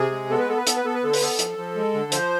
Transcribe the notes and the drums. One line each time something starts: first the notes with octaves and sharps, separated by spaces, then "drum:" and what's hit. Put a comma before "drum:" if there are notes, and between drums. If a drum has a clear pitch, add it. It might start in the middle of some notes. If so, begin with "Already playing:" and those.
Already playing: C3 G#4
G#3
B3 A4
B4
B3 A4
B4
B3 A4, drum: hi-hat
B4
B3 A4
B4
D3 A4
B4, drum: open hi-hat
B3 A4
F3, drum: hi-hat
F3
G#3
D3
F3 C5, drum: hi-hat